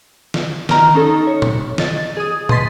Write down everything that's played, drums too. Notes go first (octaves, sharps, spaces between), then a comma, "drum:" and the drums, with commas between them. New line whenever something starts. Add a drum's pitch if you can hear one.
drum: snare
D#3 A#5 F6, drum: snare
C#4 D#4 A4
C#5
drum: tom
D#5 A6, drum: snare
G#4 D#6
B2 D#5 C6 A6 B6, drum: tom